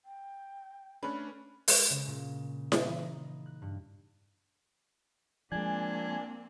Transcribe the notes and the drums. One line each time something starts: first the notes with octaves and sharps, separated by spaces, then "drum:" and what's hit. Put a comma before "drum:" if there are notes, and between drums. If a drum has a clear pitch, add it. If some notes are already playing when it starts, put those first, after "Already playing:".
G5
A3 C#4 D4 B4
G#3, drum: open hi-hat
C#3
A#2
drum: snare E4
E3
D#4
F#6
G2
F3 G#3 A#3 C4 D4 G#5